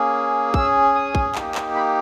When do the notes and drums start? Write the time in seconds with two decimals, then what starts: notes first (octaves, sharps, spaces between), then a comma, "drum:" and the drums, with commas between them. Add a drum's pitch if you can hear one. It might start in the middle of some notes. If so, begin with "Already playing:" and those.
Already playing: A#3 C#4 G#4
0.54 C#4 G#4 E6, drum: kick
0.95 D#6
1.15 drum: kick
1.35 A#3 D#4 G4, drum: clap
1.55 drum: clap
1.75 B5